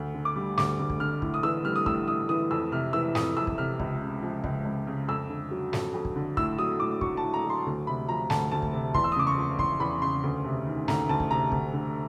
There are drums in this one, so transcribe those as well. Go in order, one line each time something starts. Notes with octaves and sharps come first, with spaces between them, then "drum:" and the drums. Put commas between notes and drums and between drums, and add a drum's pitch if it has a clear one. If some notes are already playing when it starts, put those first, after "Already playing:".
Already playing: D2
D3
D6
G3
D2 D6, drum: snare
D2
drum: kick
D3 F6
A2, drum: kick
D#6
E3 E6
G3 F6
D#6
A2 E6, drum: kick
A2 D#6
E3 D#6
F2 E6
C3 F6
E3 E6
F2 D#6, drum: snare
F2 E6
drum: kick
C3 F6
C#2, drum: kick
C#3
F3
C#2, drum: kick
C#2
C#3
F2 E6
D3
F#3
F2, drum: snare
F2
drum: kick
D3
A2 E6, drum: kick
F#3 D#6
A2 D6
F#3 C#6, drum: kick
A5
A2
A#5
F#3
C6
D2
C3 B5
F3 A#5
D2 A5, drum: snare
D2 A5
drum: kick
C3
E2 C6, drum: kick
E6
D#6
C#3 D6
C#6
F3
E2 C6, drum: kick
E2 B5
C#3 C6
D2
C3
D#3
D2 A#5, drum: snare
D2 A5
drum: kick
C3 A#5
D2, drum: kick
D3